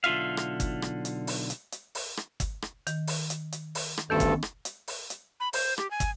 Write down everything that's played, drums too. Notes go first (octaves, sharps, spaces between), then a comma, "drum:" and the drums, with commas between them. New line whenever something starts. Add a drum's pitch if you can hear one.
B1 D3 F4 E5 F5
drum: rim click
drum: kick, hi-hat
drum: rim click
drum: hi-hat
drum: open hi-hat
drum: hi-hat
drum: hi-hat
drum: open hi-hat
drum: rim click
drum: kick, hi-hat
drum: rim click
D#3, drum: hi-hat
drum: open hi-hat
drum: hi-hat
drum: hi-hat
drum: open hi-hat
drum: rim click
D2 G2 D#3 B3 C#4 A4
drum: kick, hi-hat
drum: rim click
drum: hi-hat
drum: open hi-hat
drum: hi-hat
B5
C5, drum: open hi-hat
G4, drum: rim click
G#5
drum: kick, hi-hat